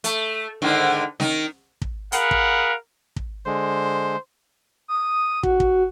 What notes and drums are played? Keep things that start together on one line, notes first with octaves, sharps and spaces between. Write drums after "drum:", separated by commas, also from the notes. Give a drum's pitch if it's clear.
A3, drum: hi-hat
G#2 D3 D#3
D#3 D#4, drum: snare
drum: kick
G#4 A#4 F5 F#5 B5, drum: hi-hat
drum: kick
drum: kick
D3 G#3 C5
D#6
F#4, drum: kick
drum: kick